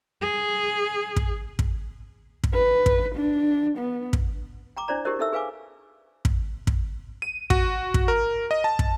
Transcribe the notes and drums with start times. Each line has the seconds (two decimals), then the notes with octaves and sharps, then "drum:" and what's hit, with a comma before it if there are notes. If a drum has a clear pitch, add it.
0.22 G#4
1.16 drum: kick
1.59 drum: kick
2.44 drum: kick
2.53 B4
2.86 drum: kick
3.15 D4
3.78 B3
4.13 drum: kick
4.77 G5 A#5 D6
4.88 D4 E4 C5 D5 A#5
5.05 E4 G4 G#4 A#4 C5 D#5
5.19 D#4 A4 E5 E6
5.32 G#4 B4 F5 G#5 D6
6.25 drum: kick
6.67 drum: kick
7.22 D#7
7.50 F#4, drum: kick
7.94 drum: kick
8.08 A#4
8.51 D#5
8.64 A5
8.79 drum: kick